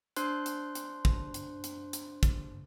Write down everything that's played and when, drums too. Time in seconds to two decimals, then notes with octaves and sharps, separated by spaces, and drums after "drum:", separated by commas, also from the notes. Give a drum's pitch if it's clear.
0.16 D4 C5 C6 F#6, drum: hi-hat
0.46 drum: hi-hat
0.75 drum: hi-hat
1.05 drum: kick
1.34 drum: hi-hat
1.64 drum: hi-hat
1.93 drum: hi-hat
2.23 drum: kick, hi-hat